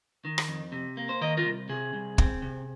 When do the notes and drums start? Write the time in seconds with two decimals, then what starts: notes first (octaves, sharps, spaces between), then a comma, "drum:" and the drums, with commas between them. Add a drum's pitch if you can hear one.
0.25 D#3
0.38 drum: rim click
0.48 F2
0.72 C3
0.97 A#3
1.09 C5
1.21 D#3 A#4 D#5
1.37 F4 A#4
1.45 C2
1.69 C3 G#4
1.93 C2
2.18 C4, drum: kick
2.42 C3